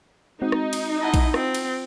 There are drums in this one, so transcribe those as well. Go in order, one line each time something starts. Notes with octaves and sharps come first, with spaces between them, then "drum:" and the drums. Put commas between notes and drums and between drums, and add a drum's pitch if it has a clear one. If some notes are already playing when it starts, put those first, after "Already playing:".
G#3 C4 D#4 F#4
drum: rim click
drum: cymbal
E4 D#5 F#5 A5 A#5
drum: kick A#1, cymbal
C4 F4, drum: rim click
drum: cymbal